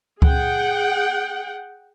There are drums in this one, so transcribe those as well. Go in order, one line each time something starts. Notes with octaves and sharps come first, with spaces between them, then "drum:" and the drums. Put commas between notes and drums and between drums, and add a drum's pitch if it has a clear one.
G#4 F#5 G5, drum: kick C#2